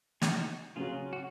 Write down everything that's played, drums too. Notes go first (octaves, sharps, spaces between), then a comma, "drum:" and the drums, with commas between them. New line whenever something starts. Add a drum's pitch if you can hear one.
G#4, drum: snare
D#4 F#4
C#3 F#3 C#4 F4 F#4 G#4
F#4